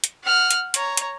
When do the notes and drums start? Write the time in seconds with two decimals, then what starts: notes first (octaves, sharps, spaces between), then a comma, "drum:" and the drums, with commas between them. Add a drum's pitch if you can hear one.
0.04 drum: hi-hat
0.23 F#5 F6
0.51 drum: hi-hat
0.74 C#5 A#5, drum: hi-hat
0.97 drum: hi-hat